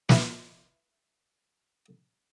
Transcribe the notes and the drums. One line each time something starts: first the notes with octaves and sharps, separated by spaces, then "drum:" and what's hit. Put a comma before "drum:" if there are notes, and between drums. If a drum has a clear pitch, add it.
E4 B4 E5, drum: snare